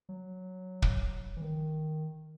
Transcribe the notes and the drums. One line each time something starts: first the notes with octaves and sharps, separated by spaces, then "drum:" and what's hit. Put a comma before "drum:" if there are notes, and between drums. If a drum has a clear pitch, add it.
F#3
drum: kick
E3
D#3